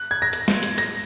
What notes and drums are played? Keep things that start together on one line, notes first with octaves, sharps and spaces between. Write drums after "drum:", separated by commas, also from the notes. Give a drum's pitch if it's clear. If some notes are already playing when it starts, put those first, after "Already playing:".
Already playing: F#6
G#6
A#6
drum: hi-hat
drum: snare
drum: hi-hat
A#6, drum: hi-hat